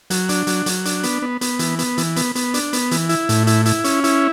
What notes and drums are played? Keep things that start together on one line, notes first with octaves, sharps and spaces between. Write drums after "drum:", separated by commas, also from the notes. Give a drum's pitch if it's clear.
F#3, drum: hi-hat
D4, drum: hi-hat
F#3, drum: hi-hat
F#3, drum: hi-hat
D4, drum: hi-hat
B3, drum: hi-hat
B3
B3, drum: hi-hat
E3, drum: hi-hat
B3, drum: hi-hat
E3, drum: hi-hat
B3, drum: hi-hat
B3, drum: hi-hat
D4, drum: hi-hat
B3, drum: hi-hat
E3, drum: hi-hat
E4, drum: hi-hat
A2, drum: hi-hat
E4, drum: hi-hat
E4, drum: hi-hat
C#4, drum: hi-hat
E4, drum: hi-hat